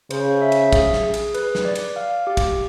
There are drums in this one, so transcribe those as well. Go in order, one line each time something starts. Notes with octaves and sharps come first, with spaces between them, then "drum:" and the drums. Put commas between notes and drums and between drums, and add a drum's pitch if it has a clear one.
C#3 C5, drum: cymbal
E5
drum: cymbal
G#4, drum: kick, cymbal
drum: snare
G#4
drum: cymbal
B4, drum: cymbal
drum: snare
D5
drum: cymbal
F5
G4
drum: kick, cymbal